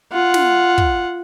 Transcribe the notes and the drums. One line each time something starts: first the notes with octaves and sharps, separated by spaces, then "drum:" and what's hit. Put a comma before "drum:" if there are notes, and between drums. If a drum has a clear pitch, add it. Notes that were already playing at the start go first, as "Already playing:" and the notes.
F4 F#5
drum: snare
drum: kick